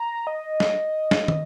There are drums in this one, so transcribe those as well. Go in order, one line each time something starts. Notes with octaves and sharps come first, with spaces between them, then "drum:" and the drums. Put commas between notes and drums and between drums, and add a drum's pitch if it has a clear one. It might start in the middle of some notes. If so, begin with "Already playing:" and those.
Already playing: A#5
D#5
drum: snare
drum: snare
drum: tom